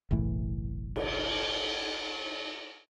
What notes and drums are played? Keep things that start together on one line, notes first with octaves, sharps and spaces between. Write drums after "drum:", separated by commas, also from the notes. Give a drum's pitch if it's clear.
F#1 B1 A2 E3
drum: cymbal